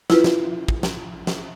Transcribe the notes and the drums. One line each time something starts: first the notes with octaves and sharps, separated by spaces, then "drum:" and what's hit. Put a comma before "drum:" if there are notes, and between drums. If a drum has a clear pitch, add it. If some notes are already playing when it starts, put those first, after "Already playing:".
E4 F4 B4, drum: snare
drum: snare
drum: kick
drum: snare
drum: snare